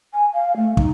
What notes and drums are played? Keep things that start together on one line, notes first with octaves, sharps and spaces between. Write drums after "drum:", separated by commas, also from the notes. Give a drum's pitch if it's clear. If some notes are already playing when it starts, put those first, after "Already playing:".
G#5
F5
A3
D#4, drum: kick